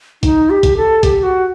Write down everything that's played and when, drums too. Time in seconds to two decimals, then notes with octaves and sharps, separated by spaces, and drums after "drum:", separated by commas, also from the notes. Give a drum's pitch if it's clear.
0.23 D#4, drum: kick, hi-hat
0.50 G4
0.63 drum: kick, hi-hat
0.77 A4
1.03 G4, drum: kick, hi-hat
1.23 F#4